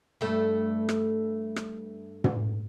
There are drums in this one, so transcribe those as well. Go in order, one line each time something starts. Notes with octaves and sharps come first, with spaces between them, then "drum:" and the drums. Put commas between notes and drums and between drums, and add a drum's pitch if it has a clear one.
G2 A3
drum: rim click
drum: rim click
drum: tom